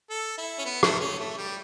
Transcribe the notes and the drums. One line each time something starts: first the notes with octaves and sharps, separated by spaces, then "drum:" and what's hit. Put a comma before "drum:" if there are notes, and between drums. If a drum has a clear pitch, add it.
A4
E4
C#4
B3
A3, drum: rim click
C#4
A3
G3